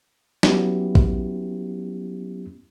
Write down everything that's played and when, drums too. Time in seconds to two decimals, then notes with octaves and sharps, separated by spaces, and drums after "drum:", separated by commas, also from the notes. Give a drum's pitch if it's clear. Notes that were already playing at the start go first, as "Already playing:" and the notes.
0.43 F#3 B3 C#4 E4 G4, drum: snare
0.95 drum: kick A#1